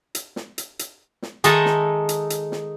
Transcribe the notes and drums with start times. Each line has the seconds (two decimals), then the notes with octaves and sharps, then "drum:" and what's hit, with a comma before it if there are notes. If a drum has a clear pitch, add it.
0.15 drum: hi-hat
0.36 drum: snare
0.58 drum: hi-hat
0.79 drum: hi-hat
1.22 drum: snare
1.44 D#3 G#3 D#4 A4 E5 A5, drum: hi-hat
1.66 drum: snare
2.09 drum: hi-hat
2.30 drum: hi-hat
2.52 drum: snare